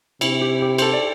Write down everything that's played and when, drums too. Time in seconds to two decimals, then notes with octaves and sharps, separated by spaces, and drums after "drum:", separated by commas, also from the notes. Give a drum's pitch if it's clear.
0.21 C3 E4, drum: cymbal
0.42 G4
0.62 G4
0.78 C5, drum: cymbal
0.82 A4
0.93 D5